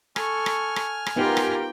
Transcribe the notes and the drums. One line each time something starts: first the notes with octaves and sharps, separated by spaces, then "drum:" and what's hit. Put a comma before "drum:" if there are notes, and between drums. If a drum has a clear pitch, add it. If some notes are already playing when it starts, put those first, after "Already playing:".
A4 G#5 C#6 F6, drum: rim click
drum: rim click
drum: rim click
drum: rim click
B3 D#4 F4 G4 A#4 B4 G5
drum: rim click